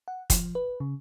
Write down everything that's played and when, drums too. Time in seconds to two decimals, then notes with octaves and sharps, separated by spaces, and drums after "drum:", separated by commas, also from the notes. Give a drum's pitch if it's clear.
0.08 F#5
0.30 F3, drum: kick, hi-hat
0.55 B4
0.80 C#3